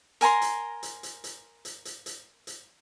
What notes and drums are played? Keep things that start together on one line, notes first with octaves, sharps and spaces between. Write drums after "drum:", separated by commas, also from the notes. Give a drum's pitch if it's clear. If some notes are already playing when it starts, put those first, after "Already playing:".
A#4 G#5 A#5 C6, drum: hi-hat
drum: hi-hat
drum: hi-hat
drum: hi-hat
drum: hi-hat
drum: hi-hat
drum: hi-hat
drum: hi-hat
drum: hi-hat